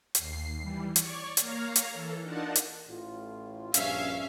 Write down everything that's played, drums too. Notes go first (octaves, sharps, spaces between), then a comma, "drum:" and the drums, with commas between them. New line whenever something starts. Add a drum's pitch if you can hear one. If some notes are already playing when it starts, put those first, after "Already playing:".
D#2 C7, drum: hi-hat
E3 G3
C#5 D5 C#6, drum: hi-hat
A#3 C#5 F5 A#5, drum: hi-hat
drum: hi-hat
E3 A4
D4 D#4 F4 A#4 F#5 A5
drum: hi-hat
A1 A2 F4
A#1 G2 C#4 E5 F5, drum: hi-hat